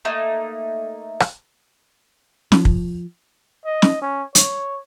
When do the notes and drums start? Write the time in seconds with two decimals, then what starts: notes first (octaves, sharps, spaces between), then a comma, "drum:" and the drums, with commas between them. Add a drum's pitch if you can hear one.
0.05 A3 A#3 D#4
1.20 drum: rim click
2.52 F3, drum: snare
2.65 drum: kick
3.65 D#5
3.82 drum: snare
4.02 C#4
4.35 C#5, drum: hi-hat